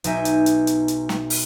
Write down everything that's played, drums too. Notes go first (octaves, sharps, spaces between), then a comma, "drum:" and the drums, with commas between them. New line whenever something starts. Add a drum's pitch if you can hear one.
B1 D#4 E5 G#5 G6, drum: hi-hat
drum: hi-hat
drum: hi-hat
drum: hi-hat
drum: hi-hat
drum: snare
drum: open hi-hat